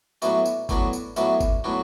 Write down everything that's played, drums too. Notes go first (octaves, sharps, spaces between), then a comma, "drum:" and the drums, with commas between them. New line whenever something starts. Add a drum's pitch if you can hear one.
A2 F#3 B3 D4 F#4 E5, drum: tambourine
drum: tambourine
A2 F#3 B3 D4 F#4, drum: kick G1, tambourine
drum: tambourine
A2 F#3 B3 D4 F#4 E5, drum: tambourine
drum: kick G1, tambourine
A2 F#3 B3 D4 F#4